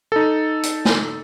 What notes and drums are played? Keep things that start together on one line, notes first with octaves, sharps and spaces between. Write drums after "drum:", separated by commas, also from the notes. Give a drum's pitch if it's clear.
D#4 A4
drum: hi-hat
drum: snare